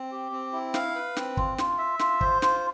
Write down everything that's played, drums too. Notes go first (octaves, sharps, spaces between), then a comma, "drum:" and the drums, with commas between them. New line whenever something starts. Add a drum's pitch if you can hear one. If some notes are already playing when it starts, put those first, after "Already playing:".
Already playing: C4
G4
C4
E4
F5, drum: snare
B4
C4, drum: snare
F4, drum: kick
F4, drum: snare
E5
F4, drum: snare
C5, drum: kick
F4, drum: snare